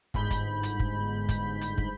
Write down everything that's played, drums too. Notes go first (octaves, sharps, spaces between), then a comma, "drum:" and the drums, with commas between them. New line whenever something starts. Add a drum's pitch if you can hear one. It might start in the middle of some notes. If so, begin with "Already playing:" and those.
G1 G#2 B5 G6, drum: kick
drum: kick, hi-hat
drum: hi-hat
drum: kick
drum: kick, hi-hat
drum: hi-hat
drum: kick